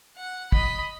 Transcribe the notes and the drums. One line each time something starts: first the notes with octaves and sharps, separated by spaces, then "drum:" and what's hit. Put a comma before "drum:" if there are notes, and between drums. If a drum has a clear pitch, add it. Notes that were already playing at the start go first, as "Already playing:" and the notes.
F#5
D#5 B5, drum: kick